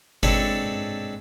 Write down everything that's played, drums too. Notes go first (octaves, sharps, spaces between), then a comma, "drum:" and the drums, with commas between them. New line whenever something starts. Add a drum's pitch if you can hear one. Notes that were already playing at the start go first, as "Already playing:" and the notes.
G#3 C4 D4 A4 B4 C#5, drum: kick G1